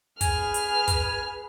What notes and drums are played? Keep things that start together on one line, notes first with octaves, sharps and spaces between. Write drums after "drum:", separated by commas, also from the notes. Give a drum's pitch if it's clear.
G#4 B4 G#5 F6, drum: kick, hi-hat
drum: hi-hat
drum: kick, hi-hat